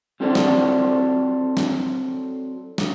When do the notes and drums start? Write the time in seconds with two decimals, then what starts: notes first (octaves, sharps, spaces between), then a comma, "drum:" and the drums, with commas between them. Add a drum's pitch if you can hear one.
0.20 F#3 C4 E4 A4 C5 D5
0.35 drum: snare
1.57 drum: snare
2.78 drum: snare